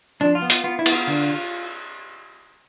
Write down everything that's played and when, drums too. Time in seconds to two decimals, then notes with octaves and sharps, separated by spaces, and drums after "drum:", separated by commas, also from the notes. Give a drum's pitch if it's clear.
0.21 F3 D4
0.35 F4
0.42 B3
0.50 F4, drum: hi-hat
0.64 B3 F4
0.79 E4
0.86 B3, drum: cymbal
0.92 F4
1.07 D3